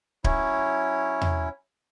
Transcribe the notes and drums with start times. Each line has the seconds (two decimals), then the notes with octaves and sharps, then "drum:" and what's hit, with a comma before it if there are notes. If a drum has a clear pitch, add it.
0.24 F#3 C#4 E4 C#5, drum: kick D1
1.21 drum: tom E2